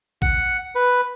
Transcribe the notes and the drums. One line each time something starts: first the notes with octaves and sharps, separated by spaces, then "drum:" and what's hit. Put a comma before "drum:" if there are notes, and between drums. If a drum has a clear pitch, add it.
F#5, drum: kick A1
B4